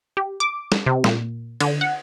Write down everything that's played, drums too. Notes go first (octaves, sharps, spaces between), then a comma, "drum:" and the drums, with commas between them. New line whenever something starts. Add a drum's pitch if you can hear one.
G4
D6
drum: snare
C3
A#2, drum: snare
D3, drum: cymbal
F#5